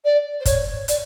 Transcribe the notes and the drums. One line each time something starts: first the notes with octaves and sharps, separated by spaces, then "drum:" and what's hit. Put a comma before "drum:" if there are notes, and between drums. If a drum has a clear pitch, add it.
D5
C5
C#5, drum: kick, hi-hat
D5, drum: hi-hat